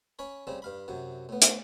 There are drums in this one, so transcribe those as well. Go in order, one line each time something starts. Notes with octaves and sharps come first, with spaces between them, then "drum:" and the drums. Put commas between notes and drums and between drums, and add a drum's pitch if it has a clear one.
C#4 C#5 B5
C#3 G3 C4
G2 F5 B5
F#2 C3 F#3
A2 B3
drum: hi-hat